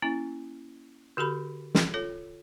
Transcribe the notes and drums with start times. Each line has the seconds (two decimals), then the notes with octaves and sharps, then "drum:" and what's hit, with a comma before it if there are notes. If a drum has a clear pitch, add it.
0.02 A#3 C#4 E4
1.17 D3 F#4 G4 A4 B5
1.75 drum: snare
1.94 F4 A4 C#5